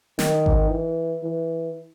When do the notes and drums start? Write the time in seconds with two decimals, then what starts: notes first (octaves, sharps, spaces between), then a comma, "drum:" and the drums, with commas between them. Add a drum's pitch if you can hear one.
0.19 D#3, drum: snare
0.46 drum: kick G#1
0.71 E3
1.23 E3